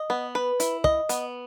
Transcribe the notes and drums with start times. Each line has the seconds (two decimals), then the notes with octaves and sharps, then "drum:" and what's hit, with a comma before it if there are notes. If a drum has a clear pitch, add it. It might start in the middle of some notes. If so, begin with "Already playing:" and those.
Already playing: D#5
0.10 B3
0.35 B4
0.60 E4, drum: hi-hat
0.84 D#5, drum: kick
1.09 B3, drum: hi-hat